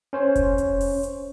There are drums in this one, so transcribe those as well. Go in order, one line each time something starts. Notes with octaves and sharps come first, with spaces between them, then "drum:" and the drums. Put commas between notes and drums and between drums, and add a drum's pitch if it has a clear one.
C#4 C5 C#5
drum: kick F1, hi-hat
drum: hi-hat
drum: open hi-hat
drum: hi-hat